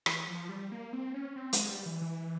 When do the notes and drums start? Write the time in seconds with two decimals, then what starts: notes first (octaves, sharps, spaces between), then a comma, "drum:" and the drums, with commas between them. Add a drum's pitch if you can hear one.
0.06 E3, drum: rim click
0.28 F3
0.49 G3
0.72 A#3
0.93 C4
1.14 C#4
1.36 C4
1.53 G#3, drum: hi-hat
1.69 G3
1.86 E3
2.01 E3